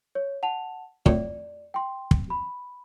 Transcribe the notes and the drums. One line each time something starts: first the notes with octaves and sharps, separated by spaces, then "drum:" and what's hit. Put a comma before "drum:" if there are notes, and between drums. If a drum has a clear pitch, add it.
C#5
F#5 A5 F7
F2 A2 D5, drum: kick
G5 C6
drum: kick
B5